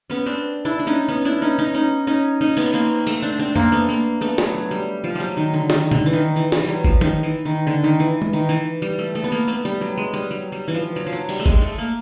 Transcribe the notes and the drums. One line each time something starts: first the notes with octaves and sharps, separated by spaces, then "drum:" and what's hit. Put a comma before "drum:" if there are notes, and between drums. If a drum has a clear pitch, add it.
B3 C#4
C4 D4
D4 E4
D4
C#4 D#4
B3 C#4
D4 E4
C#4 D#4
C#4 D#4
C#4 D#4
C#4 D#4
C#4 D#4
B3 C#4, drum: cymbal
A#3 C4
A3, drum: cymbal
C4 D4
C4 D4
A#3 C4, drum: tom F2
A3 B3
A#3
A3 B3
F#3, drum: snare
F#3
G3
F3
F#3 G3
D#3
D3
D#3, drum: snare
D3, drum: tom B2
E3
D#3
E3
E3, drum: snare
F#3 G3
F3, drum: kick G1
D#3, drum: tom E3
E3
D#3
D3
D#3
E3
drum: tom G#3
D#3
E3
G3
A3
A3
B3
A#3
A3 B3
G3
F#3
G#3
G3
F#3
G3
E3
F3
F#3
F3
F#3
G3, drum: cymbal
A3
G#3, drum: kick G1
A3
A#3